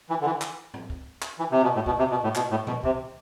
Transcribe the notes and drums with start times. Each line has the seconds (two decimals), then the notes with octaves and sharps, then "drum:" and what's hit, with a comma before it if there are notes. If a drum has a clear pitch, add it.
0.10 E3
0.21 D3
0.26 E3
0.41 drum: clap
0.74 drum: tom
0.90 drum: kick
1.22 drum: clap
1.39 E3
1.52 C3
1.63 B2
1.75 A2
1.86 B2, drum: kick
1.98 C3
2.11 B2
2.24 A2
2.35 B2, drum: clap
2.51 A2
2.67 B2, drum: tom A#2
2.84 C3, drum: kick